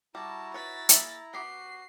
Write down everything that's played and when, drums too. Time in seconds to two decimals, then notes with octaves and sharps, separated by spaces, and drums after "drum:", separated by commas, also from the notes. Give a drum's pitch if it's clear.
0.15 G3 E4 F#4 A5 A#5
0.54 B4 C#5 A6 B6
0.89 A#3 G#4 E5, drum: hi-hat
1.34 B3 F#4 G4 C7